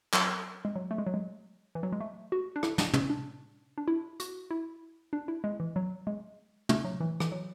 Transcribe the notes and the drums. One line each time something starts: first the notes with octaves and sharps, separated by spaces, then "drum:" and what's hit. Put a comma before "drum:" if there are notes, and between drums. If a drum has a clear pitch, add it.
F#3, drum: clap
G#3
F#3
A3
G#3
F#3
G#3
E3
F#3
G#3
A3
F#4
D4
E4, drum: rim click
D4, drum: snare
C#4, drum: tom
D4
D4
E4
F#4, drum: hi-hat
E4
D4
E4
G#3
E3
F#3
G#3
A3, drum: tom
F#3
E3
E3, drum: rim click
F#3